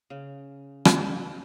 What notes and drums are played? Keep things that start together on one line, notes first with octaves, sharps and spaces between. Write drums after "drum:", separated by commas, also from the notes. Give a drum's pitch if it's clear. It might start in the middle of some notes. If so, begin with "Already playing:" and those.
C#3
drum: rim click